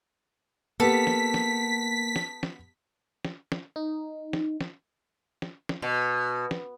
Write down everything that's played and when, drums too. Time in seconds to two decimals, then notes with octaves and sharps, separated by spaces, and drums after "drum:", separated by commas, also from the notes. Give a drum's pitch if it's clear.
0.80 A#3 B3 G4 A4 B6
1.07 drum: snare
1.34 drum: snare
2.16 drum: snare
2.43 drum: snare
3.25 drum: snare
3.52 drum: snare
3.76 D#4
4.33 drum: snare
4.61 drum: snare
5.42 drum: snare
5.69 drum: snare
5.82 B2
6.51 drum: snare